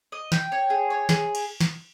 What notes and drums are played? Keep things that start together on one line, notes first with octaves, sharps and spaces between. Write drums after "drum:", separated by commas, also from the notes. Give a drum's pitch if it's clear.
D#5
G5, drum: snare
C#5
G#4
C#5
G#4, drum: snare
drum: cymbal
drum: snare